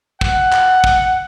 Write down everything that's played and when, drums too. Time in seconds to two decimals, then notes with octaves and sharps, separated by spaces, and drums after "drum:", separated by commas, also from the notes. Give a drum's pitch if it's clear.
0.21 F#5, drum: kick
0.53 drum: clap
0.84 drum: kick